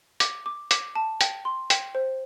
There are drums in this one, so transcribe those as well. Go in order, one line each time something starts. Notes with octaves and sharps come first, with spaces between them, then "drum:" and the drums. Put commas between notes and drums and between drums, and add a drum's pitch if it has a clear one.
D6, drum: hi-hat
D6
D6, drum: hi-hat
A5
G5, drum: hi-hat
C6
G5, drum: hi-hat
C5